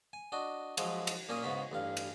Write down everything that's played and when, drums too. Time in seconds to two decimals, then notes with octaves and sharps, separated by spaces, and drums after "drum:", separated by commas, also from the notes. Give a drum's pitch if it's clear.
0.13 G#5
0.32 D4 F#4 D#5
0.77 F3 F#3 G#3, drum: cymbal
1.07 drum: cymbal
1.29 A#2 A#3 C#4 A#4 C#5 D#6
1.42 G#2 C#3 B3 C#5 B5
1.72 A1 G2 F5
1.97 drum: cymbal